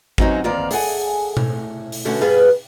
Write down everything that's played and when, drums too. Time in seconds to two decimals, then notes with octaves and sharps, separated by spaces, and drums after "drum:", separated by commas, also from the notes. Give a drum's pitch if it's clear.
0.18 F#3 C4 C#4 D#4 F#4, drum: kick G#1
0.44 E2 D#3 A#3 C4 D5 F5
0.71 G#4 A4 F#5 G#5, drum: open hi-hat
1.37 A2, drum: tom B2
1.92 drum: open hi-hat
2.05 B2 D3 A3 C#4 F#4
2.21 G2 G3 B3 G#4 B4 F5